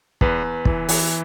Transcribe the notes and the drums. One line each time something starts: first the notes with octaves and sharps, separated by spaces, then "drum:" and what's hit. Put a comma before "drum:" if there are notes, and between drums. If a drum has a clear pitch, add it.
E2 B4, drum: kick
E2
E3, drum: kick
E3, drum: open hi-hat